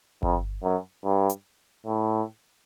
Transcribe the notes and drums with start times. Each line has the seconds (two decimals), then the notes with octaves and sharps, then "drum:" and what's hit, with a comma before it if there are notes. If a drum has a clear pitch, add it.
0.23 F2, drum: kick G1
0.64 F#2
1.04 G2
1.29 drum: hi-hat
1.86 A2